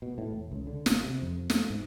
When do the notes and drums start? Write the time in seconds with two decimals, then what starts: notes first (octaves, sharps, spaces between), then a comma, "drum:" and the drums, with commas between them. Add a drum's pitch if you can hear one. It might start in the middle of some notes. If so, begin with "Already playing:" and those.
0.02 B2
0.18 A2
0.32 E1
0.51 C#2
0.67 D3
0.86 G#1, drum: snare
1.04 C3
1.22 F2
1.50 A3, drum: snare
1.70 G#2